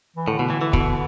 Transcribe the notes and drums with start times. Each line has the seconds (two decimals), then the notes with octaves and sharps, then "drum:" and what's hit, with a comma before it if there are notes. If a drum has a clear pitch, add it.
0.16 E3
0.27 A2 D3
0.39 B2
0.50 E3
0.61 E3
0.73 B2, drum: kick